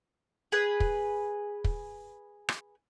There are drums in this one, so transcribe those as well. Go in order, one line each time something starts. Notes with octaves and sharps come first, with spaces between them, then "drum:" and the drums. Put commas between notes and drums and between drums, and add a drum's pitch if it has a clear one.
G#4 B4
drum: kick
drum: kick
drum: rim click